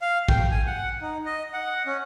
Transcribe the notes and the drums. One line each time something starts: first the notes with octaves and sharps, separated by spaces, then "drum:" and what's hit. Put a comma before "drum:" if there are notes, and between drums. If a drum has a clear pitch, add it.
F5
G5, drum: kick
G#5
F#5
D#4
D#5
F#5
C#4